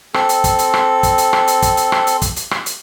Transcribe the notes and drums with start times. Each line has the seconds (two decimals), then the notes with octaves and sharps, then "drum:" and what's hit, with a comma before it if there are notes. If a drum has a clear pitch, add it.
0.14 C4 A4, drum: rim click
0.29 drum: hi-hat
0.44 drum: kick, hi-hat
0.59 drum: hi-hat
0.74 drum: rim click
1.03 drum: kick, hi-hat
1.18 drum: hi-hat
1.33 drum: rim click
1.48 drum: hi-hat
1.62 drum: kick, hi-hat
1.77 drum: hi-hat
1.92 drum: rim click
2.07 drum: hi-hat
2.22 drum: kick, hi-hat
2.37 drum: hi-hat
2.51 drum: rim click
2.66 drum: hi-hat